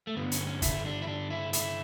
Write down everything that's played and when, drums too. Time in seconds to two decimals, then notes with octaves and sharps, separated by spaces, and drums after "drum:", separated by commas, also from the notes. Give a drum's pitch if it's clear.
0.07 A3
0.16 G2 D3 B3
0.32 C#4, drum: hi-hat
0.47 C#4
0.62 E4, drum: kick, hi-hat
0.85 D4
1.02 E4
1.07 D4
1.30 E4
1.53 E4, drum: hi-hat